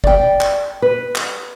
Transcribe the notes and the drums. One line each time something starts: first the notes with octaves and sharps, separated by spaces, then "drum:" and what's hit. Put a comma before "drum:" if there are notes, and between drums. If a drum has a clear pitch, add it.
D5 G5, drum: kick
drum: clap
B4
drum: clap